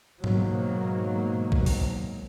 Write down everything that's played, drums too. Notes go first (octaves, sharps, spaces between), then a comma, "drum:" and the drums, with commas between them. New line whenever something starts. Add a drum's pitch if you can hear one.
G#2 B2 D#3 F#3 A#3, drum: tom G#2
drum: kick A#1
drum: open hi-hat